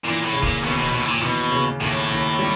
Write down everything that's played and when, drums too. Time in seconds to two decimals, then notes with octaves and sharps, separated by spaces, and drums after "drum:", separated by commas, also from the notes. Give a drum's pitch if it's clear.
0.04 A#2 E3
0.23 A2
0.33 C#3
0.43 A#2, drum: kick D1
0.63 D#2 B2
0.78 B2
0.92 D#2 B2
1.01 A2
1.08 A#2
1.22 B2 E3
1.51 C#3
1.80 D#2 A2
2.10 D#2
2.39 G3